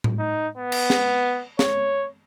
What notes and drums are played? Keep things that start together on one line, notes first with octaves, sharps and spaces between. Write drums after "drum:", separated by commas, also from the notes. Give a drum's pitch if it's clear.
drum: tom A2
D#4
B3
drum: cymbal
drum: snare
C#5, drum: snare